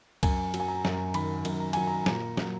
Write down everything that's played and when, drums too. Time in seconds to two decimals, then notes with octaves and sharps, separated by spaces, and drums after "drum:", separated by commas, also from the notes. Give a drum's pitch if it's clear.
0.23 F#2 G#5, drum: kick C2, cymbal
0.54 F#3, drum: cymbal
0.60 G#5
0.68 A#5
0.85 F#2, drum: snare
1.14 D#3 B5, drum: cymbal
1.45 F#2, drum: cymbal
1.60 A#5
1.73 F#3 G#5, drum: cymbal
1.87 A#5
2.06 A#2 A#5, drum: snare
2.37 F#3, drum: snare